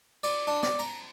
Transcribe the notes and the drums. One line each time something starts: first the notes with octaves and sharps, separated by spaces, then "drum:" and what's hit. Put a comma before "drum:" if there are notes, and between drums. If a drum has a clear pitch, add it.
D5, drum: cymbal
D4
D5, drum: snare
A#5, drum: cymbal